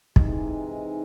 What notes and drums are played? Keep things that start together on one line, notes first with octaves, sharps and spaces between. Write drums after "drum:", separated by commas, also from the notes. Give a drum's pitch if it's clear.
C3 E3 G#3 D#4, drum: kick